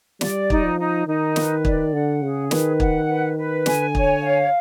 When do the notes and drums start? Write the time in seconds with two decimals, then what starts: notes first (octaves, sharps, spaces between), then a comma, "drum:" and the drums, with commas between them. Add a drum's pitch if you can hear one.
0.21 G3 D5, drum: snare
0.50 D#4, drum: kick
0.64 F3
0.79 D#4
1.07 D#3 D#4
1.36 B4, drum: snare
1.65 D5, drum: kick
1.93 D3 F#5
2.22 C#3 G#4
2.51 D#3 B4, drum: snare
2.80 F#5, drum: kick
3.08 B4
3.37 B4
3.66 D3 G#5, drum: snare
3.95 C#5, drum: kick
4.23 F5